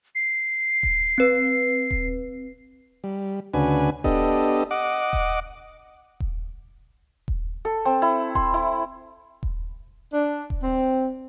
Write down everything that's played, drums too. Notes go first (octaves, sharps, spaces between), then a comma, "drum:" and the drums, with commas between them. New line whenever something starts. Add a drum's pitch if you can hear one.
C7
drum: kick D#1
C4 B4
drum: kick D#1
G3
D2 C#3 D4 F#4 B4 G#5
B3 D4 G4 A4 D#5, drum: kick D#1
D#5 F#5 D6
drum: kick D#1
drum: kick D#1
drum: kick D#1
A4
C4
E4
C6, drum: kick D#1
E4
drum: kick D#1
D4
drum: kick D#1
C4